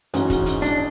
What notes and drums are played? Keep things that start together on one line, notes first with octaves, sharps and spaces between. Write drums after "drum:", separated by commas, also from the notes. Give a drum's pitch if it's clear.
G#2 E3 G#3 C#4 F#4, drum: hi-hat
drum: kick, hi-hat
drum: hi-hat
D4, drum: hi-hat